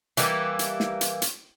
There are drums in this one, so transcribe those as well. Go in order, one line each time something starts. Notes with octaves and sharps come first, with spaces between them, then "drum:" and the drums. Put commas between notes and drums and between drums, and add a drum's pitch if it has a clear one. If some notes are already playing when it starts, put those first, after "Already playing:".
E3 G3 A#3, drum: hi-hat
drum: hi-hat
drum: snare
drum: hi-hat
drum: hi-hat